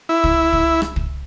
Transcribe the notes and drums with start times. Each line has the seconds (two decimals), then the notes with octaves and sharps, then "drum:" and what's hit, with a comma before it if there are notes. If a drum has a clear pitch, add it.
0.09 E4
0.24 drum: kick
0.53 drum: kick
0.82 drum: rim click
0.96 drum: kick